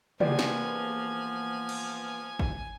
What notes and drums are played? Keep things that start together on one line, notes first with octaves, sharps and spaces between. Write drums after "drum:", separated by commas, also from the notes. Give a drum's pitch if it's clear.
E3 F3 A#3 B3 G4 D5 G#5, drum: tom
drum: snare
drum: cymbal
drum: kick